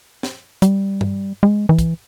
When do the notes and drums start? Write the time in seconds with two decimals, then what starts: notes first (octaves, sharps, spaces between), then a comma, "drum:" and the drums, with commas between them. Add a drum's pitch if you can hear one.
0.23 drum: snare
0.62 G3, drum: hi-hat
1.01 drum: tom G2
1.43 G#3
1.69 E3
1.79 drum: kick, hi-hat